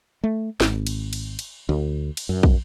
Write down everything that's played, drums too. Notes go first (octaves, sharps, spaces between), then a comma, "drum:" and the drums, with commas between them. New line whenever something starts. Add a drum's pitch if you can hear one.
A3
G#1, drum: snare
drum: cymbal
drum: cymbal
drum: cymbal
D2
drum: cymbal
F#2
drum: kick